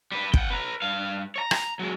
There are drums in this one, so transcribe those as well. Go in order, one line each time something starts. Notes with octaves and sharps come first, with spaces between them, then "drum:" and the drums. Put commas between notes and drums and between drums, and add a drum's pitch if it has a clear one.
G3 B4
F#5 G5, drum: kick
B4 A#5
G2 F5
C#5 A#5
drum: rim click
F#3 G#3